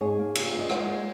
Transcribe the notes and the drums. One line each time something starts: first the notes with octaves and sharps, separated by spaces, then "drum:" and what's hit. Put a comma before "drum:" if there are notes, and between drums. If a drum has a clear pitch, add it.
G#2 G#4 C#5
A#3
C#3, drum: cymbal
A#3
D#5
G#3 C#5 F#5, drum: rim click
G#3